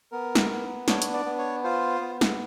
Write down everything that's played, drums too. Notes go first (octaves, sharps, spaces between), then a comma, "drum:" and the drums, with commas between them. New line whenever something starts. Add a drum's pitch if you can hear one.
B3 A#4
drum: snare
B3
D4 C#5, drum: snare
drum: hi-hat
D5
B3
C#5
F4 C5
B3
drum: snare